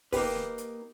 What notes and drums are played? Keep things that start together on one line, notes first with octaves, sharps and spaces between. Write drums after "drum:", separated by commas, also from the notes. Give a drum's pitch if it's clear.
A#3 D#4 G4 B4, drum: kick, open hi-hat
drum: snare
drum: hi-hat